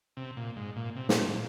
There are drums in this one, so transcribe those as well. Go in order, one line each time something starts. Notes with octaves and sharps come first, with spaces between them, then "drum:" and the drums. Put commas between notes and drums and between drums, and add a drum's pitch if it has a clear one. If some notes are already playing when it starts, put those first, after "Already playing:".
C3
A#2
G#2
A#2
C3
A#2, drum: snare
G#2
A#2